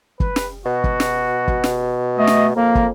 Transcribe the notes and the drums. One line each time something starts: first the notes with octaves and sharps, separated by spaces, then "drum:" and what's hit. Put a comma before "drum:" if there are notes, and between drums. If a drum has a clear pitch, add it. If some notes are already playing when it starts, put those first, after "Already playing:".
B4, drum: kick
drum: snare
B2 F#4
drum: kick
drum: snare
drum: kick
drum: snare
A3 D#5
drum: snare
F2 A#3 A#4
drum: kick